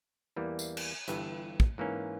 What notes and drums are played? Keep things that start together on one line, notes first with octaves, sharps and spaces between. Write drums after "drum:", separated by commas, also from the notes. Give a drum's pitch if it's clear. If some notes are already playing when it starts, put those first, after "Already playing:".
E2 E3 G3 A#3 E4
drum: tambourine
drum: cymbal
G1 G2 E3, drum: hi-hat
drum: kick
G#2 E3 A#3 C#4